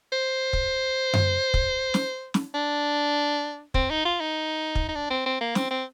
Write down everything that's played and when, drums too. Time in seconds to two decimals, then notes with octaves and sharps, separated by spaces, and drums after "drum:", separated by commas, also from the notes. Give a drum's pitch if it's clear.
0.12 C5
0.53 drum: kick
1.14 drum: tom F#2
1.54 drum: kick
1.94 drum: snare
2.34 drum: snare
2.54 D4
3.74 C4, drum: kick
3.90 D#4
4.05 F4
4.20 D#4
4.75 drum: kick
4.88 D#4
4.95 D4
5.10 C4
5.26 C4
5.41 A#3
5.55 C4, drum: snare
5.71 C4